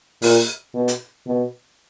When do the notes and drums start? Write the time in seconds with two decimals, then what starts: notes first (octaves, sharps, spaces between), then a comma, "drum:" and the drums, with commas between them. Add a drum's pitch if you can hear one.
0.22 A#2, drum: open hi-hat
0.75 B2
0.88 drum: hi-hat
1.27 B2